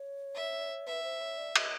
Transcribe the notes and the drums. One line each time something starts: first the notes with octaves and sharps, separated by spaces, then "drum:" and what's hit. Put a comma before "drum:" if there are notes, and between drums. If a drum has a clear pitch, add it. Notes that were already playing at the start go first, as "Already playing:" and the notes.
Already playing: C#5
E5
B4 E5
C5
C#5
D5
D#5, drum: cymbal